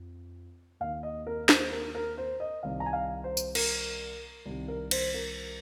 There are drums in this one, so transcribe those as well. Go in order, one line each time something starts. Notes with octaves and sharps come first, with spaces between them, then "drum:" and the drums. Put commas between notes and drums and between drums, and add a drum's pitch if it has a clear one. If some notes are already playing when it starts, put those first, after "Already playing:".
Already playing: F2
D#2 D#3 F5
D#5
A#4
C5, drum: snare
A#4
A#4
C5
D#5
C2 C3 D#3 F5
A#5
G#5
F5
C5
drum: tambourine
A#4, drum: cymbal
C2 C3 D#3
A#4
C5, drum: cymbal
A#4